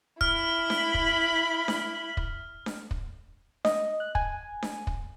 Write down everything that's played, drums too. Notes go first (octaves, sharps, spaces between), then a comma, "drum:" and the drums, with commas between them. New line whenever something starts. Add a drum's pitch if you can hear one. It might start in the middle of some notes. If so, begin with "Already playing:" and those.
E4 B5 F6, drum: kick
drum: snare D4
drum: kick
drum: snare D4
drum: kick
drum: snare D4
drum: kick
D#5, drum: snare D4
F#6
G#5, drum: kick
drum: snare D4
drum: kick